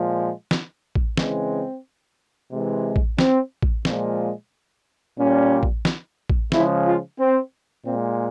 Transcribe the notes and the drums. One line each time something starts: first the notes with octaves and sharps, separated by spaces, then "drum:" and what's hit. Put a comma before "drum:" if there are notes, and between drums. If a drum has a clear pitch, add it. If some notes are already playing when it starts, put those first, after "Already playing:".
Already playing: A#2 F3 G#3
drum: snare
drum: kick A1
C#3 E3 G#3 C4, drum: snare
C3 E3 G#3
drum: kick A1
C4, drum: snare
drum: kick A1
A#2 F3 G#3, drum: snare
A#2 G3 C#4
drum: kick A1
drum: snare
drum: kick A1
C#3 F3 G#3 E4, drum: snare
F4
C4
A#2 G#3 C4